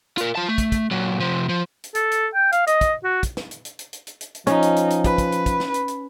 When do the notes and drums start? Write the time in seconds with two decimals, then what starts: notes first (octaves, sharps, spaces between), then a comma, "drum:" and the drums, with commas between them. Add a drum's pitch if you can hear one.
0.18 F4 A#4, drum: hi-hat
0.35 F4 A5
0.49 A3
0.58 drum: kick, hi-hat
0.72 drum: kick, hi-hat
0.91 A#2 F#3
1.20 C3 F3
1.49 F3
1.84 drum: hi-hat
1.95 A4, drum: hi-hat
2.12 drum: hi-hat
2.34 G5
2.52 F5, drum: hi-hat
2.67 D#5, drum: hi-hat
2.81 drum: kick, hi-hat
3.04 F#4
3.23 drum: kick, hi-hat
3.37 drum: snare
3.51 drum: hi-hat
3.65 drum: hi-hat
3.79 drum: hi-hat
3.93 drum: hi-hat
4.07 drum: hi-hat
4.21 drum: hi-hat
4.35 drum: hi-hat
4.47 F3 C#4 D#4, drum: hi-hat
4.62 drum: hi-hat
4.76 drum: hi-hat
4.90 drum: hi-hat
5.04 B4, drum: kick, hi-hat
5.18 drum: kick, hi-hat
5.32 drum: hi-hat
5.46 drum: kick, hi-hat
5.60 drum: snare
5.74 drum: hi-hat
5.88 drum: hi-hat